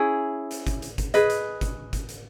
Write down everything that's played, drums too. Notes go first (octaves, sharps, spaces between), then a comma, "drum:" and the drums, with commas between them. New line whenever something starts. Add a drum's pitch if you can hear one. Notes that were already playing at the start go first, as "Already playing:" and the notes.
Already playing: C#4 E4 G#4
drum: hi-hat
drum: kick G1, hi-hat
drum: hi-hat
drum: kick G1, hi-hat
G#4 B4 D#5, drum: hi-hat
drum: hi-hat
drum: kick G1, hi-hat
drum: kick G1, hi-hat
drum: hi-hat